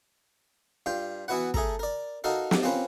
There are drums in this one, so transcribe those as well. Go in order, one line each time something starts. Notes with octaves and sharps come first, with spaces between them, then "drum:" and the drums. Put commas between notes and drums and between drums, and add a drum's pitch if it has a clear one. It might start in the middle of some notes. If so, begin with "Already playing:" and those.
G2 F4 G5
E3 B3 E4 F#4 B4 F#5
A3 G#4 A4 A#5, drum: kick
A#4 D5
D#4 F#4 A4 A#4 F5
drum: snare
A#3 C4 C#4 F4 B4